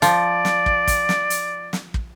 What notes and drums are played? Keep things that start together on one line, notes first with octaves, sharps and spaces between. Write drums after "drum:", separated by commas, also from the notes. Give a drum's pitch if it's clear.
F3 D5, drum: hi-hat
drum: snare
drum: kick
drum: kick, hi-hat
drum: snare
drum: hi-hat
drum: snare
drum: kick